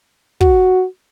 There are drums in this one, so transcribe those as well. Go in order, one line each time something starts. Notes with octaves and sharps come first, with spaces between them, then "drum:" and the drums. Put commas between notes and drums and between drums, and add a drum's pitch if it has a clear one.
F#4, drum: kick